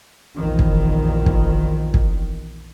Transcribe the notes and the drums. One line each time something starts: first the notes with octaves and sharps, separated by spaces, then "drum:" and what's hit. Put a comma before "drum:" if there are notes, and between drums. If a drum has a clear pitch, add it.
F1 A#1 E2 D#3
drum: kick
drum: kick
drum: kick